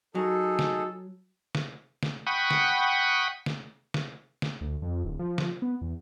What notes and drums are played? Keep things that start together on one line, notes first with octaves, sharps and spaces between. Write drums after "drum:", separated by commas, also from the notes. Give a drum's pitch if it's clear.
F#3 D#4 F#4 G#4 A4
drum: snare
drum: snare
drum: snare
F#5 G5 B5 C#6 D#6
drum: snare
drum: snare
drum: snare
drum: snare
D2
F2
D1
F3
drum: snare
B3
E2